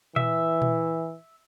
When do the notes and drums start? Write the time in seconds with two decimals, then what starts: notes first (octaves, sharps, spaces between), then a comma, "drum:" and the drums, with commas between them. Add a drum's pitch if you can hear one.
0.16 E3 E5, drum: tom A#2
0.62 drum: tom A#2